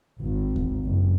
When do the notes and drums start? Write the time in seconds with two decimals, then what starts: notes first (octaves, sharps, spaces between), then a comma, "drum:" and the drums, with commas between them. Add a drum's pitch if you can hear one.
0.20 G#1
0.56 drum: kick D#2
0.84 F#1